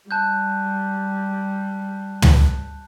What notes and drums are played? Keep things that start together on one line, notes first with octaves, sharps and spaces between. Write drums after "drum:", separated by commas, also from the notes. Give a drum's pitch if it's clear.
G3 A5 F#6 G6
drum: tom